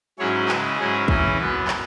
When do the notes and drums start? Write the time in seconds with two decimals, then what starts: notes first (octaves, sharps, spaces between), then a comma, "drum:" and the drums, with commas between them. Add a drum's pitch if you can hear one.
0.19 G#2 F#3 C#4 E4 G#4 C#5
0.48 C#3 G#3 E4 B4, drum: clap
0.78 G#2 F#3 C#4 E4 G#4
1.08 C#3 E3 C#4 E4, drum: kick
1.38 F#2 F#3 B3 B4
1.67 drum: clap